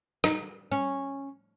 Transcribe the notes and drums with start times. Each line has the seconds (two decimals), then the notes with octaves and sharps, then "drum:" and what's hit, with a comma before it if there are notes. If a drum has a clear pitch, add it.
0.24 D#4, drum: rim click
0.72 C#4